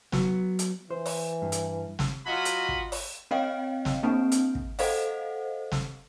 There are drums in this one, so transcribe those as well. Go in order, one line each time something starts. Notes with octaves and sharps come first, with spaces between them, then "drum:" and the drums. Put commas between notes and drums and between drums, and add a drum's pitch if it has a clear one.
F#3 B3, drum: snare
drum: hi-hat
E3 C5
drum: open hi-hat
G2
drum: hi-hat
drum: snare
F#3 F4 F#4 D#5 B5
drum: hi-hat
drum: kick
drum: open hi-hat
C4 C#5 D#5 F5 G5
drum: snare
A#3 C4 D4
drum: hi-hat
drum: kick
A4 C5 D#5 F5 F#5, drum: open hi-hat
drum: snare